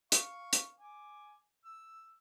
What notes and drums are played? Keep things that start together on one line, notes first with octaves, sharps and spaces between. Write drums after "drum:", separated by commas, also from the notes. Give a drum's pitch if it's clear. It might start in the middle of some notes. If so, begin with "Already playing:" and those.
F5 C#6, drum: hi-hat
drum: hi-hat
G#5 D6
E6